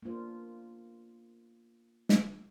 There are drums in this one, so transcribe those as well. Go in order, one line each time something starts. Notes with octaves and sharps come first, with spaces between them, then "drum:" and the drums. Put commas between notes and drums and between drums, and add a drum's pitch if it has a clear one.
A#3 B3 D4 F4 C5
drum: snare